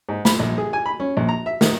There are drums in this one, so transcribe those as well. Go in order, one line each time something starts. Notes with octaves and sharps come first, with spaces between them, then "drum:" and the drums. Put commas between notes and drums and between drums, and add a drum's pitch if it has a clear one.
G#2
B5, drum: snare
A#1
G#4
G#5
B5
C#4
A#1
A#5
E5
D#3, drum: snare